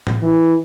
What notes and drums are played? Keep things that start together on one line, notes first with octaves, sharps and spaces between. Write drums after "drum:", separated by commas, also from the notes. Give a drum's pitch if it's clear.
drum: tom A2
E3